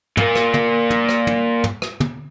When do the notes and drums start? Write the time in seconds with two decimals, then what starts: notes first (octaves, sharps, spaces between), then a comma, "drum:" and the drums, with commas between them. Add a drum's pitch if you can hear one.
0.17 A#2 A#3, drum: tom
0.35 drum: rim click
0.54 drum: tom
0.90 drum: tom
1.09 drum: rim click
1.27 drum: tom
1.64 drum: tom
1.82 drum: rim click
2.00 drum: tom